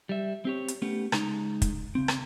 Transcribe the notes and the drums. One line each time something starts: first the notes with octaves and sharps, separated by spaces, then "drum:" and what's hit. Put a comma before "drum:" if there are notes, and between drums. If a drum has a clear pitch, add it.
G3 E5
C4 G4 C#5
drum: hi-hat
A3 B3 C#4 G4
C#2 G#3 D#4 A#5, drum: rim click
drum: kick, hi-hat
C#3 C4
drum: rim click